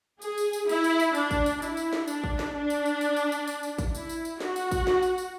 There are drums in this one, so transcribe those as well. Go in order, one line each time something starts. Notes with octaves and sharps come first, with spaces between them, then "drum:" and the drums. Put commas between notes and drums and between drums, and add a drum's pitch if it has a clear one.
G#4, drum: tambourine
drum: tambourine
drum: tambourine
E4, drum: tambourine
drum: tambourine
drum: tambourine
D4, drum: tambourine
drum: kick, tambourine
drum: tambourine
E4, drum: tambourine
drum: tambourine
drum: snare
D4, drum: tambourine
drum: kick
drum: snare
D4
drum: tambourine
drum: tambourine
drum: tambourine
drum: tambourine
drum: tambourine
drum: tambourine
drum: tambourine
drum: kick, tambourine
E4, drum: tambourine
drum: tambourine
drum: tambourine
F#4, drum: snare
drum: tambourine
drum: kick, tambourine
drum: snare
drum: tambourine
drum: tambourine